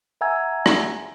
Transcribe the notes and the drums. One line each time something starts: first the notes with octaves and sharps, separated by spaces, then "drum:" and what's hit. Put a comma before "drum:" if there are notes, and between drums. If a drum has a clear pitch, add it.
E5 F#5 G#5 A#5 E6 G#6
drum: rim click